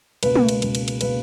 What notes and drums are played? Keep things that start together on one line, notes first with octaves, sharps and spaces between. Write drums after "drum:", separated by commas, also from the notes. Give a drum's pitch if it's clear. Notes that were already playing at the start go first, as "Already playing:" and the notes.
C#2 B2 A#3 B4, drum: cymbal
drum: tom
drum: cymbal
C#2 B2 A#3, drum: cymbal
drum: cymbal
drum: cymbal
B2 A#3 B4, drum: cymbal